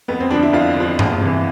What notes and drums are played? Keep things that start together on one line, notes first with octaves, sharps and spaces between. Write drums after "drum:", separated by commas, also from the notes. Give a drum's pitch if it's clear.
F2 B3
C4
D3 F3 D4
E4
F2 F4
D3 F3
E2, drum: tom G2
C3 E3